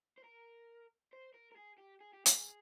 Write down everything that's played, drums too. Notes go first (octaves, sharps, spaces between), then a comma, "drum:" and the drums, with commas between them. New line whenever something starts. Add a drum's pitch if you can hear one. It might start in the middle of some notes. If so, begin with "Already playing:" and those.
C5
A#4
C5
A#4
A#4
G#4
G4
G#4
G4
G#4, drum: hi-hat